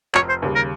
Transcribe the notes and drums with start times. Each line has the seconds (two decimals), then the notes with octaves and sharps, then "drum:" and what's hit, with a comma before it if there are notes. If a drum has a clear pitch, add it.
0.15 F1 C#5, drum: clap
0.29 C5
0.42 D#2 C#3 G3
0.56 A#4